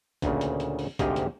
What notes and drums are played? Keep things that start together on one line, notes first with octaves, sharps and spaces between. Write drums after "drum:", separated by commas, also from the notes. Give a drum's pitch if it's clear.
D2 A#2 C#3, drum: kick, hi-hat
drum: hi-hat
drum: hi-hat
drum: open hi-hat
D2 G#2 C3 G4 D#5 F5, drum: kick, hi-hat
drum: hi-hat